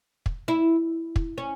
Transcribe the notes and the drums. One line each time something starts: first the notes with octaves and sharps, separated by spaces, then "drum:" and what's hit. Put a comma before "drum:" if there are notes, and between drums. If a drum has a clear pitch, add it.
drum: kick
E4
drum: kick
C#4